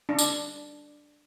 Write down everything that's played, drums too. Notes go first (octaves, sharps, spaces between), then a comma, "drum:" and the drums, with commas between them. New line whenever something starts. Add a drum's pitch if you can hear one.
D4
drum: tambourine